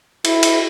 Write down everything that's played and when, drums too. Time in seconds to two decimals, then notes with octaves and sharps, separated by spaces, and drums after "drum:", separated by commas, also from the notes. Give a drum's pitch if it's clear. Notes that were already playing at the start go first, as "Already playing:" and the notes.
0.25 E4, drum: cymbal
0.43 drum: cymbal